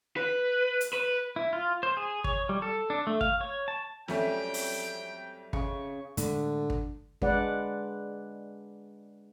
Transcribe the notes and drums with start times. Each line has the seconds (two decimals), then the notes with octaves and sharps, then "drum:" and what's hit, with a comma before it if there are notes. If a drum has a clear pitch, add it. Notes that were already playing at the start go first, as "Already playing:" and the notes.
0.16 B4
0.81 drum: hi-hat
0.93 B4
1.36 E4
1.53 F4
1.83 C5
1.97 G#4
2.24 C#5, drum: kick
2.49 G3
2.62 A4
2.90 D4
3.07 A3
3.21 F5, drum: kick
3.41 C#5
3.68 A5
4.08 F2 F#3 G3 A3 C#4 G5, drum: snare
4.54 drum: open hi-hat
5.53 C#3 C#6, drum: kick
6.17 A2 D3 G#3 A3, drum: hi-hat
6.70 drum: kick
7.22 G#3 D4 B4 D5 F#5, drum: kick